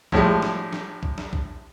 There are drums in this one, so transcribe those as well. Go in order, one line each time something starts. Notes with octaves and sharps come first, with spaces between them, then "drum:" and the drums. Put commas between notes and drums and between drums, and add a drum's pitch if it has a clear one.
A2 F3 G3 G#3, drum: kick B1
drum: snare
drum: snare
drum: kick B1
drum: snare
drum: kick B1